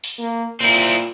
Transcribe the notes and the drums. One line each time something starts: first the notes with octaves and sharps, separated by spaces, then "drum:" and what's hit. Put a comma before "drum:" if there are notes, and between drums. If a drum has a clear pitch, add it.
drum: open hi-hat
A#3
A#2 C4 E4